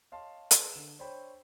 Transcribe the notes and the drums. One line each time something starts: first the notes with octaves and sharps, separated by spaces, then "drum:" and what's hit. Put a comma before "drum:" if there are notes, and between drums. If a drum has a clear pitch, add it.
C#5 D#5 F5 A5 C6
G#4 B4 D5 A5 C6 E6, drum: hi-hat
D3 E7
D4 C5 C#5 G5 B5